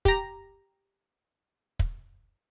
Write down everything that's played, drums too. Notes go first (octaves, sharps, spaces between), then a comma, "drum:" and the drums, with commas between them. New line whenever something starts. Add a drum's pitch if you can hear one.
G4 A#5, drum: kick
drum: kick